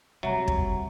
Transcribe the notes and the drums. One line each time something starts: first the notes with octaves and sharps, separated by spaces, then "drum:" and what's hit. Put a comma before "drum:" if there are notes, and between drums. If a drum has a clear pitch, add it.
C3 F#3 G3 E5 A#5
drum: kick